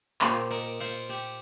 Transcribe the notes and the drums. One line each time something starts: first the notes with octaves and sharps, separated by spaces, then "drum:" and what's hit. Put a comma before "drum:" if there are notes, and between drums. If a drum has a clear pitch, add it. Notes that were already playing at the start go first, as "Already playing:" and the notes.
A#2 A#3 F4 G4 C5, drum: clap
A#4 D#5, drum: cymbal
C5 F5, drum: cymbal
G4, drum: cymbal